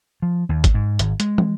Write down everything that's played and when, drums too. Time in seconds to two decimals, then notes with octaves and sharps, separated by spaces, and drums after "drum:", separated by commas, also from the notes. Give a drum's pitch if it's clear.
0.22 F3
0.49 D#2
0.64 drum: kick G#1, hi-hat
0.74 G#2
0.99 G#1, drum: hi-hat
1.20 G#3, drum: hi-hat
1.38 drum: tom